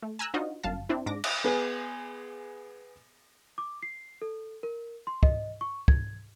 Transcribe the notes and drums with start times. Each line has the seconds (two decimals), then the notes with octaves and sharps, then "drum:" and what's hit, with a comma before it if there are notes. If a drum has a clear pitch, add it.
0.02 A3
0.19 G#5 A#5 E6 F#6
0.34 D4 D#4 F4 F#4 C5 D#5
0.63 G1 F#2 F5 A5
0.89 C4 D4 E4
1.06 G#2 D4 D6 A#6
1.24 drum: cymbal
1.44 B3 G#4 B4
3.58 D6
3.83 C7
4.22 A4
4.63 A#4
5.07 C6
5.23 D#5, drum: kick
5.61 C#6
5.88 G#6, drum: kick